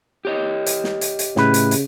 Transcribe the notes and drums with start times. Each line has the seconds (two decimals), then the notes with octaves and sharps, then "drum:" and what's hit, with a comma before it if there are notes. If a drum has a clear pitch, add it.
0.25 G4 C#5 D#5
0.66 drum: hi-hat
0.84 drum: snare
1.01 drum: hi-hat
1.19 drum: hi-hat
1.36 A2 C#3 B4, drum: snare
1.54 drum: hi-hat
1.71 drum: hi-hat